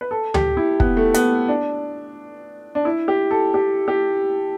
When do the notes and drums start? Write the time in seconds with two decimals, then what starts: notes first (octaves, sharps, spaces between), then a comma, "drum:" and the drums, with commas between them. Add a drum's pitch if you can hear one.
0.01 B4
0.11 A4
0.34 G4, drum: tom D2
0.57 E4
0.80 B3, drum: kick
0.97 A3
1.14 B3, drum: hi-hat
1.48 D4
2.75 D4
2.85 E4
3.08 G4
3.31 A4
3.54 G4
3.88 G4